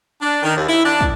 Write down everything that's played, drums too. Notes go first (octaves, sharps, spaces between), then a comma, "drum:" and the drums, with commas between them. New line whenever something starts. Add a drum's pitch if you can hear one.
D4
D#3
D#2
E4
D4
drum: kick